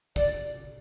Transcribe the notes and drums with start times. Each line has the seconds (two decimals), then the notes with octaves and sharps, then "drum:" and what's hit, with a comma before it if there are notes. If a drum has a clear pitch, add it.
0.16 D5, drum: kick, hi-hat